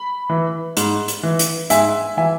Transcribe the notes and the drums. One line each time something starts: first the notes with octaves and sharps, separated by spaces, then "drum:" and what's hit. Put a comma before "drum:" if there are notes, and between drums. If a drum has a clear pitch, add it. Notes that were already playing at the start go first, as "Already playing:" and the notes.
Already playing: B5
E3
G#2, drum: hi-hat
drum: hi-hat
E3
drum: hi-hat
G#2 E5 G#5, drum: hi-hat
E3 E5 G#5